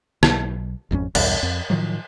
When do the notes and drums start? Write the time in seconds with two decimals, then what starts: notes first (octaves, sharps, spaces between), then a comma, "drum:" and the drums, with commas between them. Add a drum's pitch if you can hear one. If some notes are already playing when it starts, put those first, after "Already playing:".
0.23 B1, drum: rim click
0.91 G#1 F2 D3 C#4
1.15 B1 E2 G2, drum: cymbal
1.43 F2
1.70 A2 D#3 F3 F#3